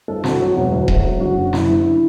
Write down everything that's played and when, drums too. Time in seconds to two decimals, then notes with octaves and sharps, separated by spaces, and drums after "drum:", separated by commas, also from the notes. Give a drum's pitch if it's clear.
0.08 G2 A4
0.24 C4 F#4, drum: snare
0.40 F#3 F#4
0.57 E1
0.72 D2
0.88 F#3, drum: kick D#1
1.05 D3
1.20 F#1 F#4
1.37 F#2
1.53 F#1 E4, drum: snare
1.69 D3
1.85 E4